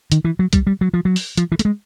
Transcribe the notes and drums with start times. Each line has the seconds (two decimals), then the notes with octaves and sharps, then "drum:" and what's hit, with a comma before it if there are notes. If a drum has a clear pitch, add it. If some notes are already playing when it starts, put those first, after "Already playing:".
0.12 D#3, drum: hi-hat
0.24 E3
0.39 F#3
0.53 G3, drum: kick C2, hi-hat
0.67 G3
0.81 F#3
0.94 F3
1.05 F#3
1.16 drum: open hi-hat
1.37 F3, drum: hi-hat
1.52 E3
1.59 A3, drum: hi-hat
1.65 G#3